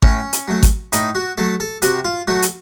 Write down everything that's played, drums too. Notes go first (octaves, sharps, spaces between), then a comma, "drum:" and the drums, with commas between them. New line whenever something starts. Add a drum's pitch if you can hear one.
A2 C#4, drum: kick G#1
drum: hi-hat
F#3 A3
drum: kick G#1, hi-hat
A2 D#4, drum: hi-hat
F#4
F#3 A3 A4
A4
C3 F#4, drum: hi-hat
F4
F#3 A3 F#4
drum: hi-hat